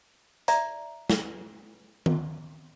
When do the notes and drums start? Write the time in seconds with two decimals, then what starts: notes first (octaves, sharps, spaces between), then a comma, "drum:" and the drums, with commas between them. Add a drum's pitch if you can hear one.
0.48 D5 E5 A#5, drum: hi-hat
1.10 drum: snare
2.06 drum: tom D#3